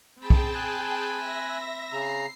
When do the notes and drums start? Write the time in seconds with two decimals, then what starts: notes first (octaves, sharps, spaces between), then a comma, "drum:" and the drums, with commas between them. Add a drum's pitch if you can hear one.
0.19 C4 G#4 G5 A5 B5
0.30 drum: kick B1
0.55 G#5 F#6
1.16 E5 A#6
1.93 C#3 A#5 C7